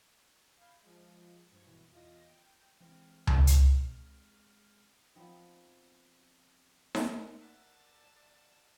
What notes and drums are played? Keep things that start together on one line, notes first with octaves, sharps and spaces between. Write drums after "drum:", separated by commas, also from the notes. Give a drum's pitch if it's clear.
F5 B5 G6 G#6
F3 G#3
G2 F3 C#6 G#6
G#1 B2 E3
E2 F4 D#5 A#6
G5
E3 G#3 C4 F6
drum: tom C#2
drum: hi-hat
F3 B3 C4 D#4
drum: snare D#4
A#4 D5 E5 F#5 A5